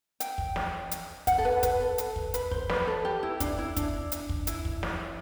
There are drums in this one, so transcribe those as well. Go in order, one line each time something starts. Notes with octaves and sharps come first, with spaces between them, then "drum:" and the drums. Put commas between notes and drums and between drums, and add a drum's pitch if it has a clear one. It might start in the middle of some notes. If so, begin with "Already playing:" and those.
G5, drum: hi-hat
drum: kick
drum: snare
drum: hi-hat
F#5, drum: kick, hi-hat
A4
B4
B4, drum: kick, hi-hat
A4
drum: hi-hat
drum: kick
B4, drum: hi-hat
C5, drum: kick
B4, drum: snare
A4
G4
E4
D4, drum: kick, hi-hat
E4
D4, drum: kick, hi-hat
drum: hi-hat
drum: kick
E4, drum: hi-hat
drum: kick
drum: snare